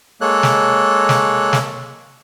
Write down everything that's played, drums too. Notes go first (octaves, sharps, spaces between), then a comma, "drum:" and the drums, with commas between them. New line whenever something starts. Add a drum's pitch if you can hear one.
G#3 A#3 A4 C#5 F#6
drum: snare
drum: snare
drum: snare